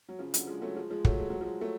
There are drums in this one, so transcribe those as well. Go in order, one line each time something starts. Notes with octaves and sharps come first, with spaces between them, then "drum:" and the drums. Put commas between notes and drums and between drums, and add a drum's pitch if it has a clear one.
F#3
C#3 F3
D3 F#3, drum: hi-hat
F3 G#3
F#3 A3
F3 G#3
F3 G#3
F#3 A3, drum: kick
G#3
F#3
F3 G#3
F#3 A3